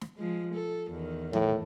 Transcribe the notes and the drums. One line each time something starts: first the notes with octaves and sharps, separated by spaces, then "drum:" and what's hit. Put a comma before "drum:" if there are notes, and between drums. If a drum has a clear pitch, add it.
drum: snare
F3 G#3
A4
E2 D#3
A2, drum: tom